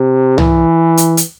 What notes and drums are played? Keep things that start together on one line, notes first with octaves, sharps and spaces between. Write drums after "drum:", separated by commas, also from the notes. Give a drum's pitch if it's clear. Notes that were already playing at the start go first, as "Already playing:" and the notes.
Already playing: C3
E3, drum: tom
drum: hi-hat
drum: hi-hat